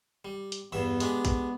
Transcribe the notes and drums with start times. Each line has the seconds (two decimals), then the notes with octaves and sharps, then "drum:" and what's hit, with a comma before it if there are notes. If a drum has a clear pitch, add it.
0.25 G3
0.52 drum: hi-hat
0.72 E2 G2 B3 E5
1.00 G#3 D4 G4, drum: hi-hat
1.25 drum: kick, hi-hat